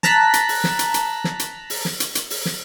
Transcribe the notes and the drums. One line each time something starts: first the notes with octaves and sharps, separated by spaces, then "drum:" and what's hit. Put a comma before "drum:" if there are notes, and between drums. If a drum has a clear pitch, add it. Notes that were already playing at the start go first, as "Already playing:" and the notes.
A5 A#5 F#6 B6, drum: snare
drum: hi-hat
drum: open hi-hat
drum: snare
drum: hi-hat
drum: hi-hat
drum: snare
drum: hi-hat
drum: open hi-hat
drum: snare
drum: hi-hat
drum: hi-hat
drum: open hi-hat
drum: snare